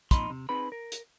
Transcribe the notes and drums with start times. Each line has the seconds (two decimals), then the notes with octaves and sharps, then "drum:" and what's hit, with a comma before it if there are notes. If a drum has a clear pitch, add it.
0.11 F2 A#2 D#4 B5 C6, drum: kick, hi-hat
0.30 C3
0.49 C4 D#4 G#4 B4 B5
0.72 A#4
0.92 drum: hi-hat